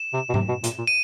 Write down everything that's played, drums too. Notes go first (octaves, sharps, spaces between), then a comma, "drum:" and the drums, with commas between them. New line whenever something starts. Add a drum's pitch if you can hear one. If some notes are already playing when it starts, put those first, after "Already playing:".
Already playing: E7
C3
B2
C3, drum: tom G#2
B2
A#2, drum: hi-hat
A#2
D#7